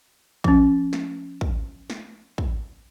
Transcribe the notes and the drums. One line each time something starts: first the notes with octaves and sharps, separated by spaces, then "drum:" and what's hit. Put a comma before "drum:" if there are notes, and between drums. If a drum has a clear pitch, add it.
F3 C#4, drum: kick
drum: snare
drum: kick
drum: snare
drum: kick